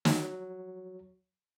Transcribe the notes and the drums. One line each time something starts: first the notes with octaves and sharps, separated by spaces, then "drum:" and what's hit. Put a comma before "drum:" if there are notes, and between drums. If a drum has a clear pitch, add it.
F#3, drum: snare